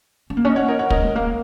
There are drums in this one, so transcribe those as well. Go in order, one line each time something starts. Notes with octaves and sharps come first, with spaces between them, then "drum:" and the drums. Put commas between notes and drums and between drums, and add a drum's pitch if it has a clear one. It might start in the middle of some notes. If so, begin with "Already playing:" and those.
C#4
A#3
C#4
D#5
C#5 F#5
A#4 D#5
C#5 F#5
A#3 A#4 D#5, drum: kick
G#3
A#3